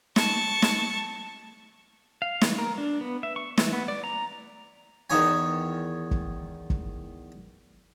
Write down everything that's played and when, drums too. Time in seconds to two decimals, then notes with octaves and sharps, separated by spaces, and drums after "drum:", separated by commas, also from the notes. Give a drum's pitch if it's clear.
0.16 A5 C#6, drum: snare
0.62 drum: snare
2.22 F5
2.41 E3, drum: snare
2.59 A#4
2.78 D4
3.01 B3
3.23 E5
3.36 C#6
3.58 E3, drum: snare
3.73 B3
3.88 D5
4.04 A#5
5.10 E2 D#3 D#4 C#5 G#5
6.11 drum: kick
6.70 drum: kick